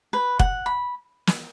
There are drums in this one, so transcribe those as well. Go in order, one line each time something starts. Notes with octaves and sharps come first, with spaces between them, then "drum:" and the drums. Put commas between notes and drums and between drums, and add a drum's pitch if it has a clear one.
B4
F#5, drum: kick F1
B5
drum: snare